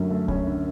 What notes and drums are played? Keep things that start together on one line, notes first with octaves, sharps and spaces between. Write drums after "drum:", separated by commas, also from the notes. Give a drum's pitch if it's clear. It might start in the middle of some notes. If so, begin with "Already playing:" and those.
Already playing: F#2 D3 A3 C#4
A3
C#4, drum: kick C#2
D3